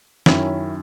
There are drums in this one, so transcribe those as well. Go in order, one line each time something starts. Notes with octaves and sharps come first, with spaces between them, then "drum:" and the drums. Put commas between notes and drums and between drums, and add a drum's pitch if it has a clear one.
F#2 D#3 C#4 E4, drum: snare